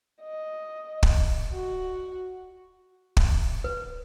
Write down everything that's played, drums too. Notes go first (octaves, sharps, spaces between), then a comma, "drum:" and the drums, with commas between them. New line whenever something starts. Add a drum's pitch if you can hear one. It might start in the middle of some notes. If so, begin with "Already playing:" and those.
D#5
drum: kick
F#4
drum: kick
B4